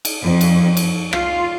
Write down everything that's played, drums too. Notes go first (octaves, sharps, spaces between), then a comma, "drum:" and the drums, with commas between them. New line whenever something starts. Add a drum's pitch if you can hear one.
drum: cymbal
F2
drum: cymbal
drum: cymbal
F4, drum: rim click